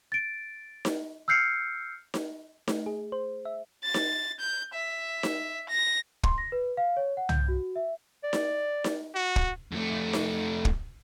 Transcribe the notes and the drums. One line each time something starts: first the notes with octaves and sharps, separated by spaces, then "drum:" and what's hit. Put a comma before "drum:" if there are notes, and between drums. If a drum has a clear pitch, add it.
A6 D7
drum: snare D#4
E6 F6 G6 C7 C#7
drum: snare D#4
A3, drum: snare D#4
G#4
C5
E5
A6
drum: snare D#4
G6
E5
drum: snare D#4
A#6
C6, drum: kick
A#6
B4
F5
C#5
F#5
G6, drum: tom
F#4
E5
D5
drum: snare D#4
drum: snare D#4
F#4
drum: kick
F2 A3
drum: snare D#4
drum: kick